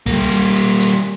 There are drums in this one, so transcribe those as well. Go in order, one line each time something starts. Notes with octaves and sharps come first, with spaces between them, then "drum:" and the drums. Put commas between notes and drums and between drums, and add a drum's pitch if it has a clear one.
G3 A#3, drum: kick, hi-hat
drum: hi-hat
drum: hi-hat
drum: hi-hat